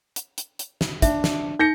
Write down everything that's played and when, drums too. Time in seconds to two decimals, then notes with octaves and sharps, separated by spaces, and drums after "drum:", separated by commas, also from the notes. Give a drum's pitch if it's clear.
0.16 drum: hi-hat
0.38 drum: hi-hat
0.59 drum: hi-hat
0.81 drum: snare
1.02 D4 E5, drum: kick, hi-hat
1.24 drum: snare
1.59 D#4 G6 A#6 C#7